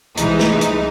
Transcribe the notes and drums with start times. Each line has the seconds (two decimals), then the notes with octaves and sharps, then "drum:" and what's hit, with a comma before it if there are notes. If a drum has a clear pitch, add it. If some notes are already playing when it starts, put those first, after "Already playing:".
0.17 C2 E3 G#3 D#4, drum: hi-hat
0.39 drum: snare A3
0.61 drum: hi-hat